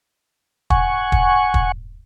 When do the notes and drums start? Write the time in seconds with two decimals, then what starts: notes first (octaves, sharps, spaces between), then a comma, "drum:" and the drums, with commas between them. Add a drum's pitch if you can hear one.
0.70 F#5 G#5 C#6, drum: kick
1.12 drum: kick
1.54 drum: kick